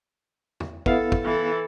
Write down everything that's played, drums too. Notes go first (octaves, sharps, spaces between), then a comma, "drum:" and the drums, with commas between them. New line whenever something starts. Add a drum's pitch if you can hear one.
drum: tom
B3 E4 A4 F5, drum: kick
drum: kick
E3 A4